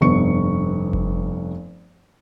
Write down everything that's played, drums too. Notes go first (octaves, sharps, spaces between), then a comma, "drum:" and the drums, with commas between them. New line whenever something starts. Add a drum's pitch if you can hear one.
F1 G2 B3 C#6 C#7
drum: kick F#1